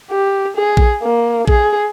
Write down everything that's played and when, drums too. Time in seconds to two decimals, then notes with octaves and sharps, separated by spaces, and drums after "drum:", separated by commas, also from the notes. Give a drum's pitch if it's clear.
0.11 G4
0.57 G#4
0.77 drum: kick A#1
1.02 A#3
1.48 G#4, drum: kick A#1